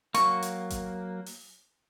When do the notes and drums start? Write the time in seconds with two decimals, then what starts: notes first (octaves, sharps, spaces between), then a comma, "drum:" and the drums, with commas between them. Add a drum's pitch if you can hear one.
0.15 F#3 A#3 C#6, drum: hi-hat
0.42 drum: hi-hat
0.70 drum: kick G#1, hi-hat
1.26 drum: open hi-hat